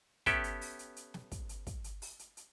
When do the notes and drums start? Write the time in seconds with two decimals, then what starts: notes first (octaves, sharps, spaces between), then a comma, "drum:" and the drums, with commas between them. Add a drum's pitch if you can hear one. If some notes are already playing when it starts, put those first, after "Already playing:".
0.26 B3 C#4 G4 A4 E5 G5, drum: kick, hi-hat
0.44 drum: hi-hat
0.61 drum: open hi-hat
0.79 drum: hi-hat
0.96 drum: hi-hat
1.14 drum: snare
1.32 drum: kick, hi-hat
1.49 drum: hi-hat
1.67 drum: kick, hi-hat
1.84 drum: hi-hat
2.02 drum: open hi-hat
2.19 drum: hi-hat
2.37 drum: hi-hat